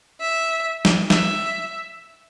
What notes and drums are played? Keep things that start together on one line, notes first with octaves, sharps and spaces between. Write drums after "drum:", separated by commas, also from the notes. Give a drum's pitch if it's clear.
E5
drum: snare
E5, drum: snare